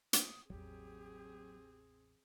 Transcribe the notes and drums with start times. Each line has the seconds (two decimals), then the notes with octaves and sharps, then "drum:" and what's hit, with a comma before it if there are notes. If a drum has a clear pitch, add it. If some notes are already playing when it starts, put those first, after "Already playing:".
0.13 D#6, drum: hi-hat
0.50 A1 E2 F#3 G3 A#3 C4 G4 G#4